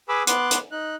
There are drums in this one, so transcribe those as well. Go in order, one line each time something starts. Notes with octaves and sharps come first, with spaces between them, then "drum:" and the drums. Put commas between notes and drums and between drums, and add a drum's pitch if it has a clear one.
G#4 B4 G#5 B5 D6 E6
B3 C6 D6 F#6, drum: hi-hat
drum: hi-hat
D#4 F#6